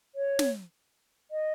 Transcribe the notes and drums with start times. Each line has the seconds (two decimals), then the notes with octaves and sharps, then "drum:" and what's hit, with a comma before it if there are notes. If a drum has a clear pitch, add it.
0.15 C#5
0.39 drum: snare
1.31 D#5